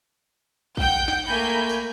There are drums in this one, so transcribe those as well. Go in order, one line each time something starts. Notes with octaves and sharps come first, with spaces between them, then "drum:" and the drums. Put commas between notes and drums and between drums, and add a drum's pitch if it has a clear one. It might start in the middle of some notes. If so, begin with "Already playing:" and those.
F#5 G5 G6, drum: kick
drum: snare
A3 A#3 G#5 B5 G6
drum: tambourine